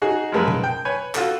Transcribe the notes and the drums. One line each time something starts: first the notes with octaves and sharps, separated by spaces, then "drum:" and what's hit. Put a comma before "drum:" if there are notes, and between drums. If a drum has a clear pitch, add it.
D#4 F#4 G#4
F#2 F3 G#3 A#4 B4
drum: tom B2
G5
B4 C#5 G#5
F4 F#4 A4, drum: clap